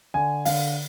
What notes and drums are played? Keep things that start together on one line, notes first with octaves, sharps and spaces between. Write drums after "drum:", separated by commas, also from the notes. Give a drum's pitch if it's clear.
D3 G#5
D3 F5, drum: open hi-hat